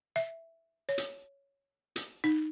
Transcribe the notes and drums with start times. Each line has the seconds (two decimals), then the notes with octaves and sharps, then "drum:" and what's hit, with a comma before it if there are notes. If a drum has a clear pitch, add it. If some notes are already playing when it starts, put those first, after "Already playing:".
0.16 E5
0.89 C#5
0.98 drum: hi-hat
1.96 drum: hi-hat
2.24 D#4